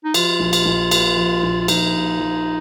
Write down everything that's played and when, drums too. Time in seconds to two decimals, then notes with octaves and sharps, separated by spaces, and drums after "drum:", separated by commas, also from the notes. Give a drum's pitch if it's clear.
0.04 D#4
0.14 F3 F4, drum: cymbal
0.40 A#1
0.53 drum: cymbal
0.66 A#1
0.91 A#2, drum: cymbal
1.17 F3
1.43 A#1
1.61 F4
1.68 A#1 D#4, drum: cymbal
1.94 A#2
2.20 F3